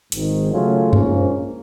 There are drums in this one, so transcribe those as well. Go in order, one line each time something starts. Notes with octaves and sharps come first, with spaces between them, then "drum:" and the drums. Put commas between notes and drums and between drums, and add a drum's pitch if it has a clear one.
G#1 G#2 D#3, drum: hi-hat
C#3 F#3 A3 C#4 F4
A#1 G#2 F3 A#3 C#4, drum: tom F#2